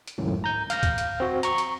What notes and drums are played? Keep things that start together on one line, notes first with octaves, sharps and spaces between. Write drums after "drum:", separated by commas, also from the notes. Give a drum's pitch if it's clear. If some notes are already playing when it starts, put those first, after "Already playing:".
drum: hi-hat
G#1 C#2 F#2 A2
A#5 G6
F5 F6 G6 A#6, drum: hi-hat
drum: kick, hi-hat
drum: hi-hat
C4 F#4
A#5 C#6, drum: hi-hat
drum: hi-hat